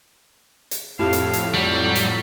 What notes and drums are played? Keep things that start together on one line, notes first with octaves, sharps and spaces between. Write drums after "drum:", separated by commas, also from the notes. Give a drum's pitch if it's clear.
drum: hi-hat
F2 A2 E4 G4 F5 A5
drum: hi-hat
drum: hi-hat
F#3 G3
drum: hi-hat